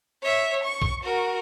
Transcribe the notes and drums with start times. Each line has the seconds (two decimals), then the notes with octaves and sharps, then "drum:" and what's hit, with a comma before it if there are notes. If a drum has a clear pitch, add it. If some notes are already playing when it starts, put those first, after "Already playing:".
0.23 C#5 E5
0.64 C#6
0.82 drum: kick A#1
1.04 F#4 A#4